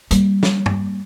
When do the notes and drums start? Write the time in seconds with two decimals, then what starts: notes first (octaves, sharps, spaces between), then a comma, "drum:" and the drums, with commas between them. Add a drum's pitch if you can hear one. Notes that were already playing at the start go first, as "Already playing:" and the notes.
0.11 G3 A#3, drum: hi-hat
0.43 drum: snare
0.66 drum: tom